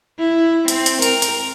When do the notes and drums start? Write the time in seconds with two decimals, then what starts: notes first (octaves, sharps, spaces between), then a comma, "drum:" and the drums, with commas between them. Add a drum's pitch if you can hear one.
0.19 E4
0.68 C4, drum: hi-hat
0.86 drum: hi-hat
1.02 A#4, drum: hi-hat
1.22 drum: hi-hat